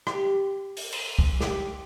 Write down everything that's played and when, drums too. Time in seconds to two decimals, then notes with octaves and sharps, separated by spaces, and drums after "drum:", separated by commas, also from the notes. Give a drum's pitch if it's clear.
0.07 G4, drum: rim click
0.77 drum: open hi-hat
0.92 drum: cymbal
1.19 drum: kick
1.41 G4, drum: snare